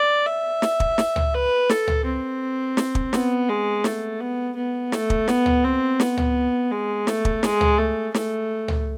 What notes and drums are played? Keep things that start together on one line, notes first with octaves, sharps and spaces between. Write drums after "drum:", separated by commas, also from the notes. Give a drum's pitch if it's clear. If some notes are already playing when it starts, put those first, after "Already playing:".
Already playing: D5
E5
drum: snare
drum: kick
drum: snare
drum: tom C#2
B4
A4, drum: snare
drum: tom C#2
C4
drum: snare
drum: kick
B3, drum: snare
G#3
A3, drum: snare
B3
B3
A3, drum: snare
drum: kick
B3, drum: snare
drum: tom C#2
C4
B3, drum: snare
drum: tom C#2
G#3
A3, drum: snare
drum: kick
G#3, drum: snare
drum: tom C#2
A3
A3, drum: snare
drum: tom C#2